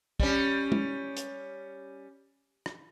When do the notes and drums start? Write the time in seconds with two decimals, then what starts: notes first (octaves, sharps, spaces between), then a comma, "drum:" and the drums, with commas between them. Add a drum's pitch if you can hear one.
0.20 G3 C#4, drum: kick
0.72 drum: tom G#3
1.17 drum: hi-hat
2.66 drum: rim click